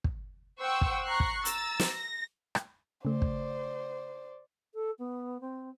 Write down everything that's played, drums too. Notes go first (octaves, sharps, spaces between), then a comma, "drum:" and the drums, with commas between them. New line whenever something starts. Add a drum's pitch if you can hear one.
drum: kick
C5 F#5 G5 C#6 E6
drum: kick
A#5 C#6 F#6 C7
drum: kick
A#5 E6 A6, drum: hi-hat
drum: snare
A#6
drum: rim click
C#3 A3 C5 D5
drum: kick
A4
B3
C4